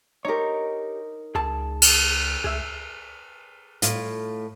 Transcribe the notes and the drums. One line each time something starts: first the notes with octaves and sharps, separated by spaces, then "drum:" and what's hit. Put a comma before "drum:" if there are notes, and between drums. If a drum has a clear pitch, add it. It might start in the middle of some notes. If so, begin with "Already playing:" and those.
D#4 G4 A#4 C#5
C#2 G#4 G5 A5
drum: cymbal
C#2 G#4 E5
A2 F4, drum: hi-hat